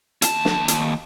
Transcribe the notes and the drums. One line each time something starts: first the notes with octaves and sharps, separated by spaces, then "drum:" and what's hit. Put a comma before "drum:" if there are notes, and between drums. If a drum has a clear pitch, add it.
D#2 A5, drum: hi-hat
drum: snare
drum: hi-hat